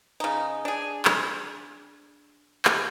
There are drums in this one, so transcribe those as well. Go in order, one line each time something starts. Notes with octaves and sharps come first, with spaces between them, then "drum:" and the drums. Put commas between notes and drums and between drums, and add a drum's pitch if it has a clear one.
C#3 D#4
D4 G#4
drum: clap
drum: clap